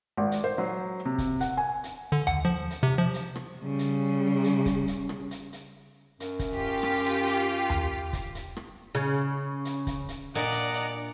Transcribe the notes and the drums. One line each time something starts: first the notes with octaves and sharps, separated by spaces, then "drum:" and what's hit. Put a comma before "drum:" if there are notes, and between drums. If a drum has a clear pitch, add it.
G#1
drum: hi-hat
C5
F#3
C3
drum: kick, hi-hat
F#5, drum: hi-hat
G#5
drum: hi-hat
D3
F#5, drum: tom D#2
F3
drum: hi-hat
C3
F3
drum: hi-hat
drum: rim click
C#3 G3
drum: hi-hat
drum: hi-hat
drum: kick, hi-hat
drum: hi-hat
drum: rim click
drum: hi-hat
drum: hi-hat
F#2, drum: hi-hat
drum: kick, hi-hat
F4 G4
drum: rim click
drum: hi-hat
drum: hi-hat
drum: tom D#2
drum: kick, hi-hat
drum: hi-hat
drum: rim click
C#3
drum: hi-hat
drum: kick, hi-hat
drum: hi-hat
A#2 D4 D5 D#5 F#5 A#5
drum: hi-hat
drum: hi-hat